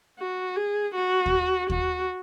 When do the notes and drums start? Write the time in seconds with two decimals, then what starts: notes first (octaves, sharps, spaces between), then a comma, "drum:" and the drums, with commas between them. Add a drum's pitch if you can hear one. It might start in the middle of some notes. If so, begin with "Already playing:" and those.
0.19 F#4
0.56 G#4
0.95 F#4
1.26 drum: kick D#2
1.70 F#4, drum: kick D#2